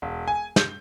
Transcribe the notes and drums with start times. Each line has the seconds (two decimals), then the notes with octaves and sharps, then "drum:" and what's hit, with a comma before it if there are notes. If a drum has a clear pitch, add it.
0.02 E1
0.28 G#5
0.56 G6, drum: snare